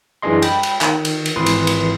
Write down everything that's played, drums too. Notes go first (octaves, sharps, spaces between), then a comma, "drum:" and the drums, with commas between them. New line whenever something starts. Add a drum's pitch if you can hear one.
F#2 E3 D4 G#4 D#5 C6
G5 B5, drum: cymbal
drum: cymbal
D#3, drum: clap
drum: cymbal
drum: cymbal
G#1 E3 B4 C6 D#6
drum: cymbal
drum: cymbal